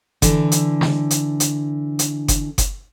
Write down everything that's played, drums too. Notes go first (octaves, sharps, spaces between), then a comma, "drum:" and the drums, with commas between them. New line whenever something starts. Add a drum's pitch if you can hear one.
D3 E3, drum: kick F#1, hi-hat
drum: hi-hat
drum: snare
drum: hi-hat
drum: hi-hat
drum: hi-hat
drum: kick F#1, hi-hat
drum: kick F#1, hi-hat